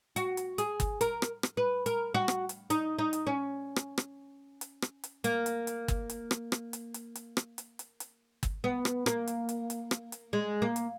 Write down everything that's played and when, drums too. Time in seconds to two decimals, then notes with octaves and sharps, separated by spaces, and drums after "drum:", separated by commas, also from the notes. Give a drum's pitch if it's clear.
0.16 F#4, drum: hi-hat
0.37 drum: hi-hat
0.58 G#4, drum: hi-hat
0.80 drum: kick, hi-hat
1.01 A#4, drum: hi-hat
1.22 drum: rim click
1.43 drum: rim click
1.57 B4
1.86 A#4, drum: hi-hat
2.14 F#4
2.28 drum: rim click
2.49 drum: hi-hat
2.70 D#4, drum: hi-hat
2.99 D#4
3.13 drum: hi-hat
3.27 C#4
3.76 drum: rim click
3.98 drum: rim click
4.61 drum: hi-hat
4.82 drum: rim click
5.04 drum: hi-hat
5.24 A#3, drum: hi-hat
5.46 drum: hi-hat
5.67 drum: hi-hat
5.88 drum: kick, hi-hat
6.10 drum: hi-hat
6.31 drum: rim click
6.52 drum: rim click
6.73 drum: hi-hat
6.94 drum: hi-hat
7.15 drum: hi-hat
7.37 drum: rim click
7.58 drum: hi-hat
7.79 drum: hi-hat
8.00 drum: hi-hat
8.43 drum: kick, hi-hat
8.64 B3
8.85 drum: rim click
9.06 A#3, drum: rim click
9.27 drum: hi-hat
9.49 drum: hi-hat
9.70 drum: hi-hat
9.91 drum: rim click
10.12 drum: hi-hat
10.33 G#3
10.62 A#3
10.76 drum: hi-hat